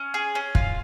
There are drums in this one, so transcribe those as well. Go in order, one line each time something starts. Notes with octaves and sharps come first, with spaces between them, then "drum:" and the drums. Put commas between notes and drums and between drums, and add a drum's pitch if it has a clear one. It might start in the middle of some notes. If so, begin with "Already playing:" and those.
Already playing: C#4
G#4
C#4
F4, drum: kick